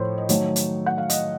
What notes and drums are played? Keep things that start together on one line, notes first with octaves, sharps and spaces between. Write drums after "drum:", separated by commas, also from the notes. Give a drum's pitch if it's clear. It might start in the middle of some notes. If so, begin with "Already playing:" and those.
Already playing: A2 F3 C5 C#5
D#5
D#3 F#3 A3 C#5, drum: hi-hat
drum: hi-hat
F#5
F5
D#5, drum: hi-hat